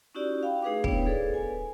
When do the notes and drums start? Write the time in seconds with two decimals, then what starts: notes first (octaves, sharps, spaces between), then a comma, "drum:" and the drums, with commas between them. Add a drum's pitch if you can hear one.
0.15 C#4 D#4 E4 F#4 G4 D5
0.43 F5 G5 B5
0.62 A3 D#4 G#4 B4 F5 D6
0.84 B3 D4 E4 C#5 G5, drum: kick
1.06 G#4 A4 B4 C5 D5
1.34 G#5